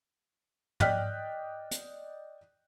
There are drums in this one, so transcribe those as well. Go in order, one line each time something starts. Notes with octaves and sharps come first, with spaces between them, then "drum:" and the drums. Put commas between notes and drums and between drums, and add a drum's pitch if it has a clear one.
D5 D#5 G5 F6 F#6 B6, drum: tom
drum: hi-hat